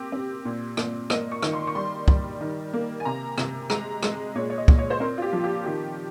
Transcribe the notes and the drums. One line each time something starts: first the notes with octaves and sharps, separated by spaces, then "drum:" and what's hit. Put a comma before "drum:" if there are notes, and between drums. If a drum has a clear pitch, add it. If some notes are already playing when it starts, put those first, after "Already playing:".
Already playing: A#3 C4 G4
C4
A#2
A#2, drum: rim click
A#3 D#5, drum: rim click
C#6
D#3, drum: rim click
C6
C#6
G3 C6
G3, drum: kick
D#3
A#3
G#5
C3 A#5
C3, drum: rim click
G#3 A#5, drum: rim click
G#3 D#5, drum: rim click
A#2 C#5
C#5
D#5
A#2, drum: kick
C#5
C5
C4 A#4
F4
G4
F3
G4
D#3 G4